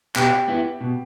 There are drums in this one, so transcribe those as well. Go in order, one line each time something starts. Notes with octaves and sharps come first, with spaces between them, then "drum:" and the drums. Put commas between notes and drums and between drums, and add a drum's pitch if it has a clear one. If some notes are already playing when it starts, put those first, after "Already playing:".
B2 G4, drum: clap
B3 E4
B2